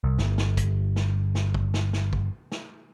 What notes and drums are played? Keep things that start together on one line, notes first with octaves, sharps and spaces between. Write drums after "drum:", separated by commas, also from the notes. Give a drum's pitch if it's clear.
C2
G1, drum: snare
drum: snare
drum: kick, hi-hat
drum: snare
drum: snare
drum: kick
drum: snare
drum: snare
drum: kick
drum: snare